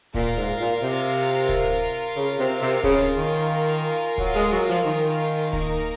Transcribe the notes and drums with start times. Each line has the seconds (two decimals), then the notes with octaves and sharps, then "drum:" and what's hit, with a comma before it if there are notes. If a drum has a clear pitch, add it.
0.14 A#2 F4 A#4 F5, drum: kick D1
0.36 G#2
0.59 A#2
0.81 C3
1.49 drum: kick D1
2.16 C#3
2.39 C3
2.61 C3
2.84 C#3 F4 A#4 F5 G#5, drum: kick D1
3.17 D#3
4.18 F#3, drum: kick D1
4.35 G#3
4.52 F#3
4.68 F3
4.85 D#3
5.53 A#3 D#4 A#4, drum: kick D1